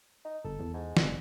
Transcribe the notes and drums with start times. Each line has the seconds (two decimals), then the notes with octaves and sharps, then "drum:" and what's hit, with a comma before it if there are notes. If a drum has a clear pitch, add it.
0.25 D#4
0.45 G1 A4
0.60 E2
0.74 G#2
0.97 F1, drum: snare